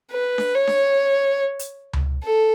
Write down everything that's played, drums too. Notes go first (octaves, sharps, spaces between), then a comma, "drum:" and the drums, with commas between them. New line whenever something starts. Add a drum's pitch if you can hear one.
B4
drum: snare D4
C#5
drum: snare D4
drum: hi-hat
drum: tom C#2
A4